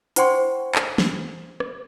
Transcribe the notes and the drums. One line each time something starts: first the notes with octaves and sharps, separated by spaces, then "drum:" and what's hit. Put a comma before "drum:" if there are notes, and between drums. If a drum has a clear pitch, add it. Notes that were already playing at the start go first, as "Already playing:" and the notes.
E4 C5 F#5 G5 C6 C#6, drum: hi-hat
drum: clap
drum: snare
drum: rim click